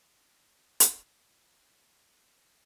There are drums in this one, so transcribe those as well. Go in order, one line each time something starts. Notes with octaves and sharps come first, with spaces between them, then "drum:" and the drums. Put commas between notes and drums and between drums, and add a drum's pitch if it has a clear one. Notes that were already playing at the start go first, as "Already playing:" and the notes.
C3 D#3
drum: hi-hat
A#2 C#3
C3
C3 D#3
D#3 F#3
F3 G#3
D#3 F#3
C3